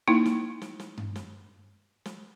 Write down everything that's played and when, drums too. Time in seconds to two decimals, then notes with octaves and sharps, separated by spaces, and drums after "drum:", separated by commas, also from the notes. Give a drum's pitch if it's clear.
0.08 A#3 D#4 E4
0.26 drum: snare
0.62 drum: snare
0.80 drum: snare
0.98 drum: tom G2
1.16 drum: snare
2.06 drum: snare